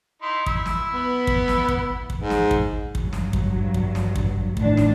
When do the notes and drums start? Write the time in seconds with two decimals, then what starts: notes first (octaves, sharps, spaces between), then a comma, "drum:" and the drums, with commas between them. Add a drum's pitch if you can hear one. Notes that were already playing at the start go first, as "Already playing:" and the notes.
0.22 D#4 E4 C6
0.46 E4 E5 E6, drum: kick
0.66 drum: snare
0.93 B3
1.27 drum: kick
1.48 drum: snare
1.69 drum: kick
2.10 drum: kick
2.20 G#2
2.30 drum: snare
2.51 drum: kick
2.95 G2 F#3, drum: kick
3.13 drum: snare
3.33 drum: kick
3.74 drum: kick
3.95 drum: snare
4.16 drum: kick
4.57 A2 D#3 D4, drum: kick
4.77 drum: snare